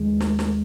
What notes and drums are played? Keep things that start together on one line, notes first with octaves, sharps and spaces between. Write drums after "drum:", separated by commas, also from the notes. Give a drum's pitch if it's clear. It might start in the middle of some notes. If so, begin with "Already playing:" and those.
Already playing: D#2 D#3 G#3
drum: snare
drum: snare